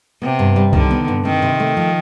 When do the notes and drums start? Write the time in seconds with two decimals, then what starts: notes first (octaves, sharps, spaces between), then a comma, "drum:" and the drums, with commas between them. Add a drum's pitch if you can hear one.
0.22 C3 B3
0.39 G2
0.56 G3
0.73 D3 D#3, drum: kick C2
0.91 B3
1.08 G2
1.25 D#3 C4
1.42 C3
1.60 A3
1.77 F3